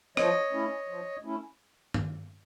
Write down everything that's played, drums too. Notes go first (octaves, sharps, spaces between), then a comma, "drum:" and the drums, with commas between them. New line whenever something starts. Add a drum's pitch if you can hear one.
F3 C#5 D#5, drum: rim click
A3 C#4 E4
F3
A3 C#4 E4
drum: tom